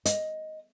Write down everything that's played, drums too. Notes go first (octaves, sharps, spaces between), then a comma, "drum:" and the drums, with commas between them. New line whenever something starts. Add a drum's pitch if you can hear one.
D#5, drum: hi-hat